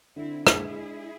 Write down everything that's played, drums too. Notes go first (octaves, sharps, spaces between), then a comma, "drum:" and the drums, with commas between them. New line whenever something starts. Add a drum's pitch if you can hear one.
D3 C4 E4
G#3 E4 G#4, drum: rim click
D4